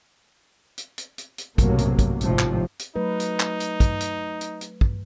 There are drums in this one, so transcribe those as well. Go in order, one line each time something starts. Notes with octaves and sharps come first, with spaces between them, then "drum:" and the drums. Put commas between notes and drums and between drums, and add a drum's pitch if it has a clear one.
drum: hi-hat
drum: hi-hat
drum: hi-hat
drum: hi-hat
B1 F#2 A2 C3 F#3 A#3, drum: kick, hi-hat
drum: hi-hat
drum: kick, hi-hat
G#1 A2 C3 F3, drum: hi-hat
drum: clap
drum: hi-hat
F#3 A3 D#4 B4
drum: hi-hat
drum: clap
drum: hi-hat
drum: kick, hi-hat
drum: hi-hat
drum: hi-hat
drum: hi-hat
drum: kick